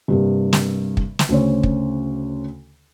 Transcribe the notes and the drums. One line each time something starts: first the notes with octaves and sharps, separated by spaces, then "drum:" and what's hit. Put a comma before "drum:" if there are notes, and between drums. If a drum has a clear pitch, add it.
G2 C3 A#3
drum: snare
drum: kick
drum: snare
D2 C#3 C5 C#5
drum: kick